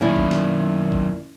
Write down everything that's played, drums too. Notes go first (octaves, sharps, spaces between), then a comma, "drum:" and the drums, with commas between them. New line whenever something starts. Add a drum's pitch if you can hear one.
F#2 D#3 A#3 C#4 E4 D5
drum: kick G#1
drum: snare
drum: kick G#1